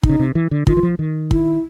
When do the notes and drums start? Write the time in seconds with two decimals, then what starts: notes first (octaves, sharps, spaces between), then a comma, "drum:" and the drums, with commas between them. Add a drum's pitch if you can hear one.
0.03 D#4, drum: kick
0.09 C#3
0.19 C3
0.35 E3
0.51 D3
0.67 D#3 F4, drum: kick
0.77 E3
0.83 F3
0.99 D#3
1.31 E4, drum: kick